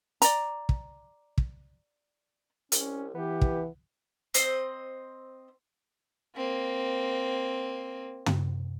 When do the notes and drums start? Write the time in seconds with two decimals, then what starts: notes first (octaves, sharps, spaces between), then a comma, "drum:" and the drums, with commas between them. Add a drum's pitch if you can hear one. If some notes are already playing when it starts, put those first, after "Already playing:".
0.22 D5 A#5, drum: hi-hat
0.69 drum: kick
1.38 drum: kick
2.72 C2 C#4, drum: hi-hat
3.15 E3 B3 G4
3.41 drum: kick
4.34 C4 C5 D#5, drum: hi-hat
6.36 A#3 C4
8.26 drum: tom